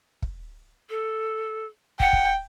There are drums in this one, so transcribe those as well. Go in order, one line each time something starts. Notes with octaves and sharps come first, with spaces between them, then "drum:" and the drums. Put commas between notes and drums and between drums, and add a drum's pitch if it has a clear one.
drum: kick
A4
F#5 G5, drum: kick
drum: kick